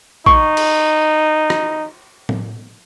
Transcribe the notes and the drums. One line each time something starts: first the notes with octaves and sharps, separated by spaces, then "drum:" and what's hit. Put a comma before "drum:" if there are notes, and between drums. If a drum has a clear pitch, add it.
D#4 C#6, drum: kick
drum: cymbal
drum: rim click
drum: tom